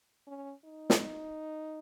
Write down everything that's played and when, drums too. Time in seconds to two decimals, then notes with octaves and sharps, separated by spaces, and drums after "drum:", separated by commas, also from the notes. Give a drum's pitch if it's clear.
0.27 C#4
0.65 D#4
0.90 drum: snare